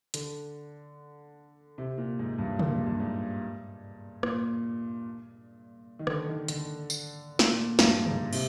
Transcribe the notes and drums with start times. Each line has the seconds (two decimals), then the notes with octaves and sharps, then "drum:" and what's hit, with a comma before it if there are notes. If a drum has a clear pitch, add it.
0.14 D3, drum: hi-hat
1.78 C3
1.98 A#2
2.19 G#2
2.38 G2
2.59 A#2, drum: tom C3
2.73 G#2
2.86 G2
3.00 G#2
4.23 A#2, drum: rim click
5.99 D#3
6.07 D3, drum: rim click
6.29 D#3
6.48 D3, drum: hi-hat
6.90 drum: tambourine
7.39 drum: snare
7.50 A#2
7.79 G2, drum: snare
8.05 G#2, drum: tom C3
8.33 C3, drum: cymbal